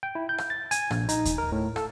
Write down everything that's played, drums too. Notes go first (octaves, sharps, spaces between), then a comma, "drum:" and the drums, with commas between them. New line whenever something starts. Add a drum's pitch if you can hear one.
G5
E4
G6
drum: rim click
A6
G#5, drum: hi-hat
A#1, drum: rim click
D#4, drum: hi-hat
drum: kick D#2, hi-hat
A#4
A2
A4, drum: rim click